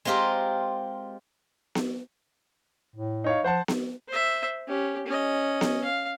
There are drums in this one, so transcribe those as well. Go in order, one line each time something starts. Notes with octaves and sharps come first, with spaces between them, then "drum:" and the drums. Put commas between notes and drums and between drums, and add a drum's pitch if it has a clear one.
G#3 C4 F4 G4 A#4
drum: snare B3
A2
D#4 C#5 F5
F3 C5 F#5 A5
drum: snare B3
C5 E5
C#4 G4
C#4 D#5
drum: snare B3
F5